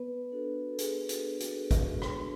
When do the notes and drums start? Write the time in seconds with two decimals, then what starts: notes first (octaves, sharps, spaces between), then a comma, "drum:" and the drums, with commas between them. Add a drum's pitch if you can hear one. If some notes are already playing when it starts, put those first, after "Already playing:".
Already playing: B3 B4
0.32 D4 F#4 A4
0.74 A4
0.79 B3 G#4, drum: hi-hat
1.09 F#4, drum: hi-hat
1.25 D4 F#4
1.40 F#4, drum: hi-hat
1.71 B3, drum: kick G#1, hi-hat
2.02 drum: rim click
2.17 D4 F#4